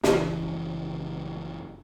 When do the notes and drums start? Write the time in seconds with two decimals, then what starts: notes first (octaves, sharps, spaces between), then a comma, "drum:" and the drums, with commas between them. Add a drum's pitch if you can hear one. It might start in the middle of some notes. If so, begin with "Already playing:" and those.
0.04 F#1 C#3 E3 D4, drum: snare